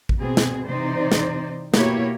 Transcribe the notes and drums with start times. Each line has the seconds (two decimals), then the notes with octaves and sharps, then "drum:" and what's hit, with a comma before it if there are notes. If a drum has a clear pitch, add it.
0.09 drum: kick A1
0.20 B2 C4 G#4
0.37 drum: snare
0.66 C3 E3 D#4 C5 D5
1.12 drum: snare
1.74 B2 A#3 E4 G4 C#5, drum: snare